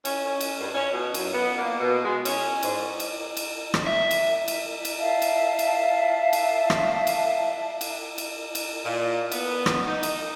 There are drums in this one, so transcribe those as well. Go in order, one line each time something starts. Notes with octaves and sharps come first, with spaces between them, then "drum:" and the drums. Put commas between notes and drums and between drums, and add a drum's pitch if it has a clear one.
C#4, drum: cymbal
C#4
drum: cymbal
G2
C#4
B2
F#2, drum: cymbal
B3
A#3
B2
G#3
C#4, drum: cymbal
G#2, drum: cymbal
drum: cymbal
drum: cymbal
drum: rim click
E5
drum: cymbal
drum: cymbal
drum: cymbal
E5 F5 A5
drum: cymbal
drum: cymbal
drum: cymbal
drum: rim click
drum: cymbal
drum: cymbal
drum: cymbal
drum: cymbal
A#2
B3, drum: cymbal
drum: rim click
D#4
drum: cymbal